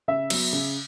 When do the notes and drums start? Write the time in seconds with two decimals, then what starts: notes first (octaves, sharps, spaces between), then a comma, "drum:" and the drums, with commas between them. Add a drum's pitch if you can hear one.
0.08 C#3 E5
0.30 F#3 B3, drum: cymbal
0.53 C#3